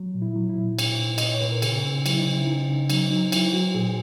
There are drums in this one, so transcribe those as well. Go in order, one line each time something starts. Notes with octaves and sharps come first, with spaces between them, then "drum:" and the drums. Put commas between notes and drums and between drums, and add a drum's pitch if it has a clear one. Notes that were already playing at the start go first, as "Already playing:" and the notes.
Already playing: F#3
A#2
E4
F#3
E4
A#2
A#2, drum: cymbal
A#2
A#2 D#5, drum: cymbal
C#5
A#2 B4
A#4
C#3 G#4, drum: cymbal
C#3
F#3 E4, drum: cymbal
D#4
C#3
E4
C#3 D#4
C#3 D#4
F#3 D#4, drum: cymbal
F#3 D#4
F#3 E4, drum: cymbal
F#3 F#4
A#2 G#4